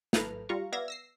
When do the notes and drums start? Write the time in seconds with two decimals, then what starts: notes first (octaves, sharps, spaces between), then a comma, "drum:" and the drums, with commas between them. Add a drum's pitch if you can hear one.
0.13 G#1 A4 B4 A#5 F6, drum: snare
0.49 G3 F4 F5 A#5 C#6
0.72 B3 D5 E5 F5 G#6 A#6
0.88 E6 A#6 C7